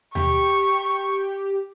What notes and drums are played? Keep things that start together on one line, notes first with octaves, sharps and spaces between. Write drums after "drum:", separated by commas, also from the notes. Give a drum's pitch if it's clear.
G4 C#6, drum: tom D#2